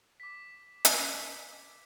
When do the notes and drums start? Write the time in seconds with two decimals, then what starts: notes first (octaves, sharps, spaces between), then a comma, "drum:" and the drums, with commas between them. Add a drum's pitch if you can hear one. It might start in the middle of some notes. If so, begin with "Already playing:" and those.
0.20 D6 B6
0.85 drum: hi-hat